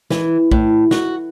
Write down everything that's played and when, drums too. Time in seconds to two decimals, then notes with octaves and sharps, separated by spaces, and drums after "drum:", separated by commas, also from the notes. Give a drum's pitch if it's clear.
0.10 E3, drum: snare
0.51 A2, drum: kick A#1
0.91 F#4, drum: snare